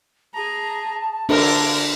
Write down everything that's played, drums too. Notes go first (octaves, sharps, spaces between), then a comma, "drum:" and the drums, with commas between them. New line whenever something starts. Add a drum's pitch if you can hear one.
G#4 A5 A#5
D3 D4 A4 A#4, drum: cymbal